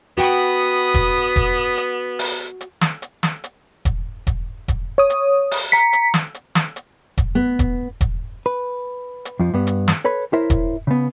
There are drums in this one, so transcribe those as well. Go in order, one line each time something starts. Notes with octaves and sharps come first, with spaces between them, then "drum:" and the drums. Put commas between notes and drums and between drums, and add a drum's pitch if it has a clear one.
B3 F#4 F#5 G5 B5 D#6
drum: kick E1, hi-hat
drum: kick E1, hi-hat
drum: hi-hat
drum: open hi-hat
drum: hi-hat
drum: snare
drum: hi-hat
drum: snare
drum: hi-hat
drum: kick E1, hi-hat
drum: kick E1, hi-hat
drum: kick E1, hi-hat
C#5 D#6
drum: hi-hat
drum: open hi-hat
A#5 B6 C#7
drum: hi-hat
drum: snare
drum: hi-hat
drum: snare
drum: hi-hat
drum: kick E1, hi-hat
B3
drum: kick E1, hi-hat
drum: kick E1, hi-hat
B4
drum: hi-hat
F2 F3
G2 B3
drum: hi-hat
drum: snare
A4 B4 C#5 B5
E4 A#4 C5 C#5 E5
drum: kick E1, hi-hat
C#3 B3